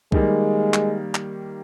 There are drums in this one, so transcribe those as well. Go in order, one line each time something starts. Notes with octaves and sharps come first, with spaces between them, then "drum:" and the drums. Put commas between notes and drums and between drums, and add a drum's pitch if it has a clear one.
D#3 G3 G#3 A#3, drum: kick C2
drum: clap
drum: clap